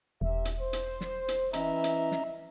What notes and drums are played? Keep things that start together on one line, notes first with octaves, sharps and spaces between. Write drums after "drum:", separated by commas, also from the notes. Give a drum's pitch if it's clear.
E1 C3 E5
drum: hi-hat
C5
drum: hi-hat
drum: snare
drum: hi-hat
E3 C#4 D#5 E5 A#5, drum: hi-hat
drum: hi-hat
drum: snare